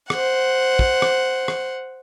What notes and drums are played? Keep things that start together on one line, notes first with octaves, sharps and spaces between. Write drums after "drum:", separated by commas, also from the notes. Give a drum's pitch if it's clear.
C5 F#5, drum: rim click
drum: kick
drum: rim click
drum: rim click